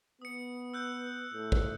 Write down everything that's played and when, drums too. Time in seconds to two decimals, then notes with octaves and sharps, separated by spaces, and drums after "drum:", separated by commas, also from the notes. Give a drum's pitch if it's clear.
0.22 B3 D#6 C#7
0.74 E6 F#6 G6
1.33 A2
1.52 drum: kick